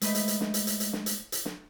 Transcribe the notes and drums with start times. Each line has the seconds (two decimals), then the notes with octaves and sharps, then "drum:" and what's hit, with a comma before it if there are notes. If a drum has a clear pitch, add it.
0.01 G#3 A3 B4 D#5 E5, drum: hi-hat
0.15 drum: hi-hat
0.28 drum: hi-hat
0.41 drum: snare
0.54 drum: hi-hat
0.67 drum: hi-hat
0.80 drum: hi-hat
0.93 drum: snare
1.06 drum: hi-hat
1.32 drum: hi-hat
1.45 drum: snare